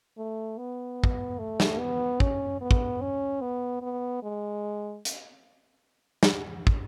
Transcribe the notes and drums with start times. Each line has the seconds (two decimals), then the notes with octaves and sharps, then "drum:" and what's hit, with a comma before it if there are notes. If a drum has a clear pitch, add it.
0.18 A3
0.58 B3
1.04 drum: kick
1.39 A3
1.60 drum: snare
1.79 B3
2.20 C#4, drum: kick
2.61 B3
2.71 drum: kick
3.01 C#4
3.41 B3
3.82 B3
4.23 G#3
5.05 drum: hi-hat
6.23 drum: snare
6.67 drum: kick